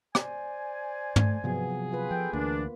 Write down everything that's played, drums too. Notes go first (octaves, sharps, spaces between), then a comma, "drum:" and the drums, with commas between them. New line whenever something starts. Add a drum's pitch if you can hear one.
C5 D5 G#5, drum: rim click
A3, drum: tom
C3 F3 F#3 B3 G#4
F4 B4
F3 G4 A4 G5
D2 E3 A#3 D4